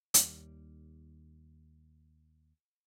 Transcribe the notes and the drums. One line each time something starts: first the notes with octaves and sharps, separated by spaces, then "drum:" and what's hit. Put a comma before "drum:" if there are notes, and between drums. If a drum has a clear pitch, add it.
D#2 G3, drum: hi-hat